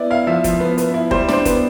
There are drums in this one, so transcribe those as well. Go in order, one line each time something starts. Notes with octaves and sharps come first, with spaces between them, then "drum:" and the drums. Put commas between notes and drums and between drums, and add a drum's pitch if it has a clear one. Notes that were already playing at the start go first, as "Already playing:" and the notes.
Already playing: B3 E4 D5
E4 F5
F3 E5
F3, drum: kick F1, hi-hat
B3
B3, drum: hi-hat
E4
G3 C5, drum: kick F1
D4 C5, drum: snare
B3, drum: kick F1, hi-hat